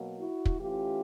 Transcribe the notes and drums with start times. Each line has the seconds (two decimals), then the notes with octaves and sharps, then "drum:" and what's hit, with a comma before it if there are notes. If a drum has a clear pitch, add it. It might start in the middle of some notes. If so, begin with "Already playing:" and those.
Already playing: B2 F#3 A#3
0.18 E4 F#4
0.45 drum: kick
0.59 E3 A3 C#4 F4 G4